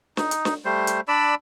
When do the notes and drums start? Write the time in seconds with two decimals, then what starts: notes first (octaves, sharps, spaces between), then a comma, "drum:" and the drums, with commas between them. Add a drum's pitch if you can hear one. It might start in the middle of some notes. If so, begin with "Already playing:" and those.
0.17 D#4, drum: snare
0.31 drum: hi-hat
0.45 drum: snare
0.65 G3 A3 C5
0.87 drum: hi-hat
1.08 D4 D5 B5 E6